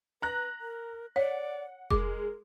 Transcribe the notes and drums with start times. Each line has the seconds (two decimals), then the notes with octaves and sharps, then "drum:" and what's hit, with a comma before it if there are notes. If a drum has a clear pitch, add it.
0.22 B4 A#5 F#6 A#6
0.61 A#4
1.16 C#5 D5 F#5
1.91 G#3 A#4 D6, drum: kick F1